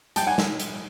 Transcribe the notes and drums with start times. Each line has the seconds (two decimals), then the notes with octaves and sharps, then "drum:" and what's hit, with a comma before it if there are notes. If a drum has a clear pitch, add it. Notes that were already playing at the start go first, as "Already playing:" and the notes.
0.16 G3 G5 A5, drum: hi-hat
0.27 F#5 G#5
0.38 drum: snare
0.60 drum: hi-hat